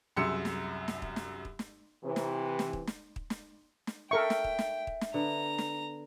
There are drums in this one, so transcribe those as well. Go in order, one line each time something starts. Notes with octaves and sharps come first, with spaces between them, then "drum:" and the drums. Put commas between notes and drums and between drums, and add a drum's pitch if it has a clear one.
C2 F#2 G#4 C6 E6 C#7
drum: snare
drum: snare
drum: kick
drum: snare
drum: kick
drum: snare
C3 E3
drum: snare
drum: snare
drum: kick
drum: snare
drum: kick
drum: snare
drum: snare
A4 A#4 E5 G5 C#6
drum: snare
drum: kick
drum: snare
drum: kick
drum: snare
D3 B3 A#5
drum: snare